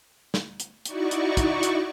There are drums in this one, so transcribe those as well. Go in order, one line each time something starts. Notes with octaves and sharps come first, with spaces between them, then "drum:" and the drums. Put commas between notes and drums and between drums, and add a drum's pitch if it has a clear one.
drum: snare
drum: hi-hat
D#4 E4 F#4 D5 C#6, drum: hi-hat
drum: hi-hat
drum: kick, hi-hat
drum: hi-hat